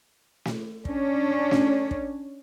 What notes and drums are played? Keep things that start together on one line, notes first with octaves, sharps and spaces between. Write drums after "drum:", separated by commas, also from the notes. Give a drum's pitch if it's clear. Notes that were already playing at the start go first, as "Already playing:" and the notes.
drum: snare
C#4 D4, drum: kick
drum: snare
drum: kick